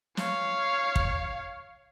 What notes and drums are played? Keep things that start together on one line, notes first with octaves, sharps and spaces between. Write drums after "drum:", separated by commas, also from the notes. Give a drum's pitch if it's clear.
C#5 F5, drum: snare
drum: kick